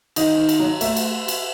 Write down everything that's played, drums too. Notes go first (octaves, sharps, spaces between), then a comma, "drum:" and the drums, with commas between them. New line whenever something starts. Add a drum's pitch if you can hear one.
D#3 D#5, drum: cymbal
D#3
drum: cymbal
F#3
A3 E5, drum: cymbal
drum: cymbal
drum: cymbal